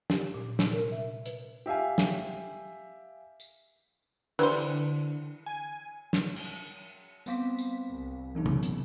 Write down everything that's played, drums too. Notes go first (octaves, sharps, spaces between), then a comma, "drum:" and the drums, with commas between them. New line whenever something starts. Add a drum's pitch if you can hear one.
G4, drum: snare
A#2
C3, drum: snare
A#4
E5
B4, drum: hi-hat
G4 E5 F5 G#5
drum: snare
drum: tambourine
D3 E3 G3 C5, drum: cymbal
G#5
drum: snare
drum: cymbal
G3 B3 C4 F5 D6 B6, drum: tambourine
drum: tambourine
C2
F#2 C#3 E3 B3 D#4
drum: tom
drum: hi-hat